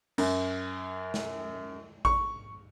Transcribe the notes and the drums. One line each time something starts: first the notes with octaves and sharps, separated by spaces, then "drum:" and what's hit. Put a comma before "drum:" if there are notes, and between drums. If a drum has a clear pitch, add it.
F#2, drum: cymbal
drum: snare
C#6, drum: kick A1